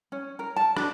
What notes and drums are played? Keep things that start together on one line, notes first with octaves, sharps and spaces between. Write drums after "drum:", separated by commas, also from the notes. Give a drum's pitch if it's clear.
C#4
A#4
A5
D4, drum: rim click